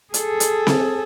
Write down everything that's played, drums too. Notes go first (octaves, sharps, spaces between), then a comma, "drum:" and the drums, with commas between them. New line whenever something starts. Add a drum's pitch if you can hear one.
G#4 A4, drum: hi-hat
drum: hi-hat
drum: snare C4